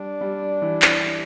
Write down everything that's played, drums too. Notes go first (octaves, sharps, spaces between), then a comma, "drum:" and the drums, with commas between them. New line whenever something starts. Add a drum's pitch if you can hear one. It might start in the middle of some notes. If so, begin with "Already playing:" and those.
Already playing: G3 D4
G3
E3
drum: clap